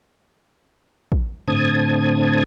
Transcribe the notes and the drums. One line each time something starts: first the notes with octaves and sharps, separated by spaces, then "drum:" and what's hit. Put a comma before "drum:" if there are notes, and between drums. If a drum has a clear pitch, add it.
drum: kick
A2 D3 C4 A5 D#6 G#6, drum: tom G2